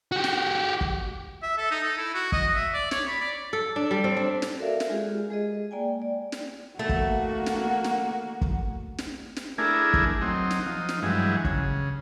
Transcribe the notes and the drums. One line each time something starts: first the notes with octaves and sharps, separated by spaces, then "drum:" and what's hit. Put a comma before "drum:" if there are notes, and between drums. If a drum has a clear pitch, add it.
F#4 G4
drum: snare
drum: kick
E5
A4
D#4
A4
E4
F#4
D#5, drum: kick
E5
D5
C#5, drum: snare
B5
D5
A4
D4
G3
C4
D4
drum: snare
F#4 A4 A#4 D5 E5 F5
drum: snare
G#3 F4 G4 G#4
G#3 G#4 D#5
A#3 D5 G5 G#5
D5
drum: snare
A3 A#3 F#4
drum: kick
drum: snare
drum: snare
drum: kick
drum: snare
drum: snare
A3 D4 E4 G#4 A#4
drum: kick
F#3 C4 D#4
drum: snare
F3 D#4
drum: snare
G2 E3 F#3 G#3
C#3, drum: kick